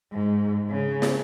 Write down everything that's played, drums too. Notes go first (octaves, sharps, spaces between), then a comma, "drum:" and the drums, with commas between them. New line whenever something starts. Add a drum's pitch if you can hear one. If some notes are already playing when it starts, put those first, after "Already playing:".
G#2
C#3
drum: snare